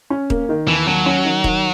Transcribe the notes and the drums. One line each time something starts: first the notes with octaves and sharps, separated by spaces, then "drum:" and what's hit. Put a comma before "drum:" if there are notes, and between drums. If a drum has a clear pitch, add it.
C#4
A#3, drum: kick D#1
D#3
D#2 E3
D#2 F#3
C#4
D#3
D#3, drum: kick D#1